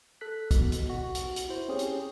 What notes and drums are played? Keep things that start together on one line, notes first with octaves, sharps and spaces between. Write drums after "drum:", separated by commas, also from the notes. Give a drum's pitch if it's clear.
A4 F#6 B6
B2, drum: kick, hi-hat
drum: hi-hat
F#4
drum: hi-hat
drum: hi-hat
E4 C5
C4 C#4 G4 G#4 C#5
drum: hi-hat